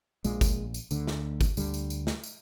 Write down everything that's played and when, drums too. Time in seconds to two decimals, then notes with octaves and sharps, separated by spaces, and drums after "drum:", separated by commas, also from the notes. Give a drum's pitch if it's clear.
0.24 A#1 A#2 G#3, drum: tambourine
0.41 drum: kick G1, tambourine
0.74 drum: tambourine
0.91 D2 D3, drum: tambourine
1.07 drum: snare
1.41 drum: kick G1, tambourine
1.57 D2 D3 G3, drum: tambourine
1.74 drum: tambourine
1.90 drum: tambourine
2.07 drum: snare
2.23 drum: tambourine